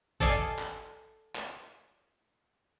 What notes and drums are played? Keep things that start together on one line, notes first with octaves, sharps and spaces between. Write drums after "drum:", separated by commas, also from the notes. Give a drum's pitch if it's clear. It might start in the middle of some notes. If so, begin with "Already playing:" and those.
A4 D5 D#5 F5 G#5, drum: kick
drum: clap
drum: clap